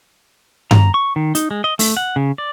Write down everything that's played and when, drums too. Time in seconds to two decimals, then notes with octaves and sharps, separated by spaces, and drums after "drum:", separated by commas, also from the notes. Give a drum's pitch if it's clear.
0.71 A#5, drum: tom G2
0.94 C#6
1.16 D#3
1.35 D#4, drum: hi-hat
1.51 G#3
1.64 D#5
1.79 A3, drum: open hi-hat
1.97 F#5
2.16 C#3
2.38 D5